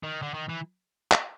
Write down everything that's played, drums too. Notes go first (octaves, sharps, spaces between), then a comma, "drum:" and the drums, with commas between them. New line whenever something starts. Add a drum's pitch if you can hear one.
D#3
D3
D#3
E3
drum: clap